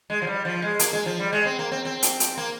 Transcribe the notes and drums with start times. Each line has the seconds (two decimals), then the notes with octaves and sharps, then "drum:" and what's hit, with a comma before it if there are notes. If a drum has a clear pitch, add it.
0.10 G#3
0.22 F3
0.27 G3
0.45 F3
0.62 G#3
0.79 A#3, drum: hi-hat
0.93 G#3
1.06 F3
1.19 G3
1.32 G#3
1.45 C4
1.59 A#3
1.72 C4
1.85 C4
2.03 drum: hi-hat
2.20 drum: hi-hat
2.37 A#3